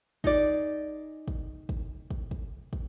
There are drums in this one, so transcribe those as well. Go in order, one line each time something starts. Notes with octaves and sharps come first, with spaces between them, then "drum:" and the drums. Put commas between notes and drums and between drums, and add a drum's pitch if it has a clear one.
D#4 G#4 D5, drum: kick
drum: kick
drum: kick
drum: kick
drum: kick
drum: kick